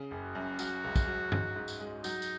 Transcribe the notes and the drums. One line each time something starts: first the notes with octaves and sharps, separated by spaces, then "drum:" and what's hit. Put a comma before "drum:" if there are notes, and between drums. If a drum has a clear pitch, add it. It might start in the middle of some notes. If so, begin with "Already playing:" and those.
Already playing: C#3
F#1
F#4
F#2
F#3, drum: tambourine
C#2
drum: kick, tambourine
F#3
G#2, drum: tom G2
G#2
drum: tambourine
G#3
F#3 D#4, drum: tambourine
drum: tambourine